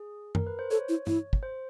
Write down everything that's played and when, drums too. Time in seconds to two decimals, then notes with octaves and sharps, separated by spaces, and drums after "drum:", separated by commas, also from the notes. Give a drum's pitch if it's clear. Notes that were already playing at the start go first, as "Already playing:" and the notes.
Already playing: G#4
0.35 A#4, drum: tom F#2
0.47 B4
0.59 C5
0.71 A4 C#5
0.89 E4
1.07 E4, drum: tom G2
1.33 drum: kick
1.43 C5